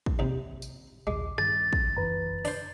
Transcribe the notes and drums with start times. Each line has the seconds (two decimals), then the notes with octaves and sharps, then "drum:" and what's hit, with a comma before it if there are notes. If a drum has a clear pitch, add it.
0.06 drum: kick
0.19 D#2 C3
0.62 drum: tambourine
1.07 A#1 D#2 G#3 D6
1.38 G2 D#3 A6, drum: rim click
1.73 drum: kick
1.97 F#1 E3 B4 A#5
2.45 D4 C5, drum: open hi-hat